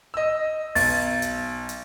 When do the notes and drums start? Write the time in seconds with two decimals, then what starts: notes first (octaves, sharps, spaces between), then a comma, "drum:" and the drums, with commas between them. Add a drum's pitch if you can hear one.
0.14 D#5 E6
0.75 B1 A6, drum: open hi-hat
1.22 drum: hi-hat
1.69 drum: hi-hat